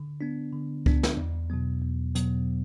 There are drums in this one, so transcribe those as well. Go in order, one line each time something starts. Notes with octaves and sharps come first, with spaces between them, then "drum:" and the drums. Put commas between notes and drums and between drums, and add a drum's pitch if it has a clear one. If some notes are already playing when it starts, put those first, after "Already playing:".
Already playing: D3
B3 D4
D3
B3 D4, drum: kick C#2
drum: snare
E2
B2 F#3 B3
E2
B2 F#3 B3, drum: hi-hat